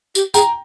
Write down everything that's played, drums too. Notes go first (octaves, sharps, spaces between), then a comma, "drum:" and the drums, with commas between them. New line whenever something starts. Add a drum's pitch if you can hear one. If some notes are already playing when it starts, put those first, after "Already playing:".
G4, drum: tambourine
G#4 G5 A#5, drum: tambourine